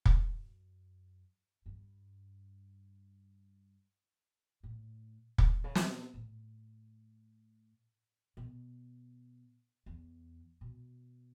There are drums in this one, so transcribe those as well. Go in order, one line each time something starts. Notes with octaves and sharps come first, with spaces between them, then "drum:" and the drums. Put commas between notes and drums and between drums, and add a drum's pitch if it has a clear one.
drum: kick
F#2
G2
A2
A2, drum: kick
C#3
B2, drum: snare
A2
B2
E2
B2